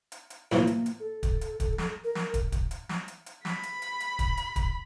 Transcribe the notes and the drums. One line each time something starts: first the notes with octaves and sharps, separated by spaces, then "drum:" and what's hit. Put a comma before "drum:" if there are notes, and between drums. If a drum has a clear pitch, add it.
drum: hi-hat
drum: hi-hat
A2 E3 F3 A#3, drum: snare
drum: hi-hat
drum: hi-hat
A4
drum: kick, hi-hat
drum: hi-hat
drum: kick, hi-hat
drum: snare
A#4
drum: snare
drum: kick, hi-hat
drum: kick, hi-hat
drum: hi-hat
drum: snare
drum: hi-hat
drum: hi-hat
B5, drum: snare
drum: hi-hat
drum: hi-hat
drum: hi-hat
drum: kick, hi-hat
drum: hi-hat
drum: kick, hi-hat